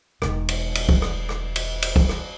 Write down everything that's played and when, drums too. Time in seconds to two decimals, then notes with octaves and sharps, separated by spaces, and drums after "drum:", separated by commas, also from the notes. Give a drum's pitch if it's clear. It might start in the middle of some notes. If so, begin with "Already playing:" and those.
0.22 E1 D#3, drum: rim click
0.49 drum: cymbal
0.75 drum: cymbal
0.89 drum: kick
1.02 drum: rim click
1.29 drum: rim click
1.56 drum: cymbal
1.82 drum: cymbal
1.96 drum: kick
2.09 drum: rim click